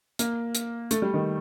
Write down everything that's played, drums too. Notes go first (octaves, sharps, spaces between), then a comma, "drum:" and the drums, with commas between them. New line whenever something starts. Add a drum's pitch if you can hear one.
A#3, drum: hi-hat
drum: hi-hat
A3, drum: hi-hat
G3
D#3